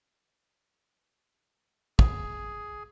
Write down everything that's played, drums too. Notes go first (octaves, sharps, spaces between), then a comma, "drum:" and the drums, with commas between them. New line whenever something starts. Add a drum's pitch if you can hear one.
G#4, drum: kick